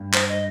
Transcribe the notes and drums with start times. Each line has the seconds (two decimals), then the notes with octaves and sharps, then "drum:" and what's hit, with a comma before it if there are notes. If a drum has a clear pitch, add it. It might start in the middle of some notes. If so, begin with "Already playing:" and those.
Already playing: G2
0.14 C5, drum: clap
0.29 D#5